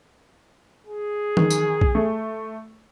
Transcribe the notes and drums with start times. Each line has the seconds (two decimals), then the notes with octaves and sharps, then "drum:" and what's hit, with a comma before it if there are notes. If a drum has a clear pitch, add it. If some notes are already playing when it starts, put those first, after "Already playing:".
0.87 G#4
1.37 D#3, drum: tom
1.50 drum: tambourine
1.81 drum: kick B1
1.95 A3